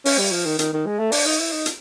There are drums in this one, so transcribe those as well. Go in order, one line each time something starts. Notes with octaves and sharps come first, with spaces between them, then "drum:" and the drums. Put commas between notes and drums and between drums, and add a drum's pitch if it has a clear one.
C#4, drum: open hi-hat
G3
F3
D#3
D#3, drum: hi-hat
D#3
G#3
A3
D4, drum: open hi-hat
D#4
E4
D#4
drum: hi-hat